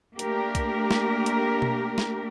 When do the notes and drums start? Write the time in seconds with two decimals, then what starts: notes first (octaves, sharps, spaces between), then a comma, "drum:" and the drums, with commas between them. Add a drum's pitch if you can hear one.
0.19 A3 A#3 D4 G4 A#4, drum: hi-hat
0.55 drum: kick, hi-hat
0.91 drum: snare
1.26 drum: hi-hat
1.62 drum: tom B2
1.98 drum: snare